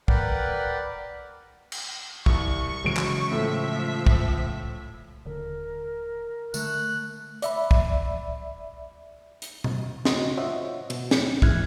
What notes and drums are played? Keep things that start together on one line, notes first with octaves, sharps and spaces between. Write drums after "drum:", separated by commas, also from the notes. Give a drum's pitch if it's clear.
A#4 B4 D5 F#5 G5, drum: kick
drum: cymbal
C2 C#6, drum: kick
C#3 E3 F#3 G#3 D7
drum: clap
A2 F3 A3 E5 B6
drum: kick
D#1 D3 A#4
D3 A3 F#6, drum: tambourine
D5 E5 B5, drum: hi-hat
drum: kick
drum: hi-hat
drum: tom B2
C#3 F#4 D#5 C6, drum: snare
F4 C5 C#5 D#5 E5 F#5
B2, drum: cymbal
drum: snare
E3 G#3 E4 F6 F#6 G#6, drum: kick